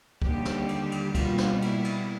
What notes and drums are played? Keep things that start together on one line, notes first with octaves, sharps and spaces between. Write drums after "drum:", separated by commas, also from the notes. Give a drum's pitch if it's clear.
D#2 D3 G3 G4, drum: kick C#2
drum: snare
drum: cymbal
drum: cymbal
B2 G3 A#3 F4, drum: kick C#2, cymbal
drum: snare
E4, drum: cymbal
drum: cymbal